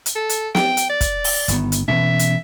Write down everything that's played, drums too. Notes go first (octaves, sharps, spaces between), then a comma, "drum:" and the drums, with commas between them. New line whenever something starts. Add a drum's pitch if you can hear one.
drum: hi-hat
A4
drum: hi-hat
G5, drum: snare
drum: hi-hat
D5
drum: kick, hi-hat
drum: open hi-hat
G1 D#3 B3, drum: hi-hat
drum: hi-hat
B2 E3 C#4 E5
drum: hi-hat